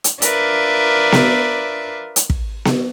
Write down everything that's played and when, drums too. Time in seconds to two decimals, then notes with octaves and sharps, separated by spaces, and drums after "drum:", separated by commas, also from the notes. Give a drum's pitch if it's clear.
0.04 drum: hi-hat
0.22 D4 F4 A#4 B4 D5 E5, drum: hi-hat
1.12 drum: snare B3
2.16 drum: hi-hat
2.30 drum: kick
2.65 drum: snare B3